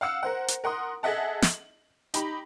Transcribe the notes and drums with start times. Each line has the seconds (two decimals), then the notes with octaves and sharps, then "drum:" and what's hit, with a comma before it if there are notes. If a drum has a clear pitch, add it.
0.01 F5 F#5 E6 C#7
0.23 A#4 C5 F#5
0.48 drum: hi-hat
0.64 A#4 F#5 C6 D#6
1.03 G#4 A4 D#5 E5 F#5 A5
1.42 F#7, drum: snare
2.14 D#4 G4 B5, drum: hi-hat